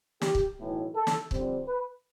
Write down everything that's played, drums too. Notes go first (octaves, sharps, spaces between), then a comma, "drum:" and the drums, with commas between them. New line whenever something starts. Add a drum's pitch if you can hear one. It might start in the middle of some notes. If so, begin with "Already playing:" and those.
G4, drum: snare
drum: kick
B1 A2 E3
A4
drum: snare
F2 D3 G3 C4, drum: kick
B4